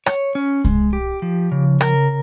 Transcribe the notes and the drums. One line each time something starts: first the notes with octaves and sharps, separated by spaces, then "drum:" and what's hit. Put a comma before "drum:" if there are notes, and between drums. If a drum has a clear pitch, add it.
C#5, drum: rim click
C#4
G#3, drum: kick C2
G4
F3
C#3
A#4, drum: rim click